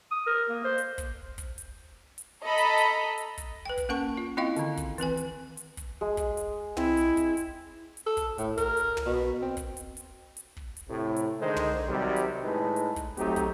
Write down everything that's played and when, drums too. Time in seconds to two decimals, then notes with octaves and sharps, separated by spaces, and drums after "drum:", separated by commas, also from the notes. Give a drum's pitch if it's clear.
0.11 D#6
0.26 A#4
0.49 A#3
0.64 C5
0.78 drum: hi-hat
0.98 drum: kick, hi-hat
1.38 drum: kick, hi-hat
1.58 drum: hi-hat
2.18 drum: hi-hat
2.45 A4 D#5 A#5 B5
2.58 drum: hi-hat
2.78 drum: hi-hat
3.18 drum: hi-hat
3.38 drum: kick, hi-hat
3.66 B4 G5
3.77 drum: kick, hi-hat
3.89 A#3 C#4 A#4 F#5 A5 C#6
4.17 F4
4.37 C4 E4 F4 D#5 F5 G5
4.56 D3 D#3, drum: hi-hat
4.77 drum: kick, hi-hat
4.98 E3 C4 B4 G#5, drum: hi-hat
5.17 drum: hi-hat
5.57 drum: hi-hat
5.77 drum: kick, hi-hat
6.01 G#3
6.17 drum: kick, hi-hat
6.37 drum: hi-hat
6.77 C4 E4, drum: tom
6.97 drum: hi-hat
7.17 drum: kick, hi-hat
7.37 drum: hi-hat
7.97 drum: hi-hat
8.06 A4
8.17 drum: kick, hi-hat
8.38 A2, drum: hi-hat
8.58 A#4, drum: kick, hi-hat
8.77 drum: hi-hat
8.97 drum: tom
9.06 B2
9.42 C4
9.57 drum: kick, hi-hat
9.77 drum: hi-hat
9.97 drum: hi-hat
10.37 drum: hi-hat
10.57 drum: kick
10.77 drum: hi-hat
10.88 A2 C3
11.16 drum: hi-hat
11.40 D3 D#3 G#3 C5
11.56 drum: tom
11.88 C3 D#3 F#3 G3
12.16 drum: hi-hat
12.43 A2 G#3 D#4 A4 B4
12.76 drum: hi-hat
12.96 drum: kick, hi-hat
13.17 F#3 A3 C4 D#4 G4, drum: hi-hat
13.36 drum: kick, hi-hat